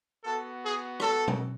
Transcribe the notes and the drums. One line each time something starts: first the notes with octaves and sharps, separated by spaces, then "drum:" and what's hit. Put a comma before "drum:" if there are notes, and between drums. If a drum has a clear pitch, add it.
B3 F#4 A4
G#4
A4, drum: rim click
drum: tom B2